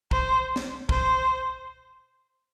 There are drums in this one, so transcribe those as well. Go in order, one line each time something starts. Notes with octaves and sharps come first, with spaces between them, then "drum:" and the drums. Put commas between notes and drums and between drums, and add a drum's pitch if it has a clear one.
C5, drum: kick
drum: snare
C5, drum: kick